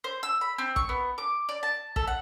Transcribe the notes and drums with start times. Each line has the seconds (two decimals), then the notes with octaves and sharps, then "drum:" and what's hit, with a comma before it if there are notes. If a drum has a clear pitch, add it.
0.04 C5
0.23 E6
0.41 B5
0.58 C4
0.76 C#6, drum: kick
0.89 B3
1.18 D6
1.49 D5
1.63 A5
1.96 A4, drum: kick
2.07 F#5